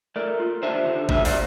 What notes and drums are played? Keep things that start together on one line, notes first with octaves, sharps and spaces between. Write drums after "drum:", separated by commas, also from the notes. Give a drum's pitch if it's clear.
A3 A#4 D5
F4
D4 C5 E5
D3
A3 C5 E5, drum: kick G#1
D5 F5, drum: open hi-hat